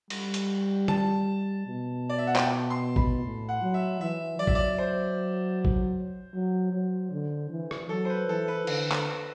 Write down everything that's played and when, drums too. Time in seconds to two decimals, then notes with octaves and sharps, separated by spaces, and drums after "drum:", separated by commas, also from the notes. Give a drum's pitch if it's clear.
0.10 G3, drum: cymbal
0.34 drum: hi-hat
0.88 A5, drum: tom
1.67 B2
2.09 D5
2.18 E5
2.27 F#5
2.36 G5, drum: clap
2.44 A5
2.70 C6
2.96 B5, drum: kick
3.23 A2
3.49 F#5
3.62 F#3
3.74 E5
4.00 E3 E5
4.39 F#3 D5
4.47 E5, drum: kick
4.55 D5
4.78 C5
5.65 drum: kick
6.33 F#3
6.73 F#3
7.12 D3
7.50 E3
7.71 drum: rim click
7.89 F#3 A4
8.05 C5
8.10 B4
8.28 E3 A4
8.48 B4
8.67 D3, drum: cymbal
8.92 drum: clap